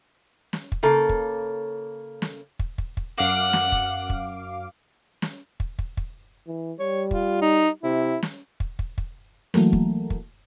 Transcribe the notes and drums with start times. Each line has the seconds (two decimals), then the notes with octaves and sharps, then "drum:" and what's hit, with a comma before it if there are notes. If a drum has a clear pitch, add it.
0.53 drum: snare
0.72 drum: kick
0.83 C#3 A#3 A4
1.09 drum: kick
2.22 drum: snare
2.59 drum: kick
2.78 drum: kick
2.97 drum: kick
3.18 F#2 F5 F#5 D6
3.53 drum: snare
3.72 drum: kick
4.10 drum: kick
5.22 drum: snare
5.60 drum: kick
5.79 drum: kick
5.97 drum: kick
6.47 E3
6.79 G3 C#5
7.11 F4, drum: kick
7.42 D#4
7.83 C3 E4
8.23 drum: snare
8.60 drum: kick
8.79 drum: kick
8.98 drum: kick
9.54 E3 F#3 A3 A#3, drum: snare
9.73 drum: kick
10.10 drum: kick